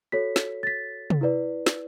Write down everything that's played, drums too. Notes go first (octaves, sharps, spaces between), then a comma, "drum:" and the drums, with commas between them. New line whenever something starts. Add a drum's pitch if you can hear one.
F#4 A4 C#5 B6
drum: snare
A6
B6
drum: tom
E4 B4 D5
drum: snare